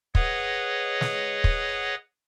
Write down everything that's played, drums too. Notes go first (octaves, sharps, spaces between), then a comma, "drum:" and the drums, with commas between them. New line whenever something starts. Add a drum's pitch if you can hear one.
G#4 B4 C#5 D#5 F#5, drum: kick
drum: snare
drum: kick